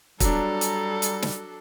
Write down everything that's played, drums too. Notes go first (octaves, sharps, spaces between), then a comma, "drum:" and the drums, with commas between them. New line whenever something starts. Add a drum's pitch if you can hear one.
F#3 G3 D4 A4 A#5, drum: kick, hi-hat
drum: hi-hat
drum: hi-hat
drum: snare